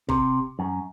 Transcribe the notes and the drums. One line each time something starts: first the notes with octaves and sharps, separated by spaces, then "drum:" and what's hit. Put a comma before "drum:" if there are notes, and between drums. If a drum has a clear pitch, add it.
C3, drum: kick
F#2